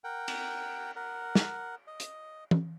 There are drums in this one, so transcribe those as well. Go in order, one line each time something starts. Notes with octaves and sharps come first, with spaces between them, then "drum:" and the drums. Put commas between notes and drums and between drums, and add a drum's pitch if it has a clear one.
A#4 F#5 G5
drum: cymbal
A#4 F#5
drum: snare
D#5
drum: hi-hat
drum: tom